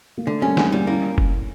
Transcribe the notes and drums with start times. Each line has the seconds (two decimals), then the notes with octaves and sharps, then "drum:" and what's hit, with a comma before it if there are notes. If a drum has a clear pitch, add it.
0.17 A#3
0.26 D3 A3
0.42 G3 A#3 C#4
0.57 E2 A#3 D4, drum: snare
0.72 G3 A#3 D4
0.87 A#3 C#4 E4
1.18 drum: kick F#1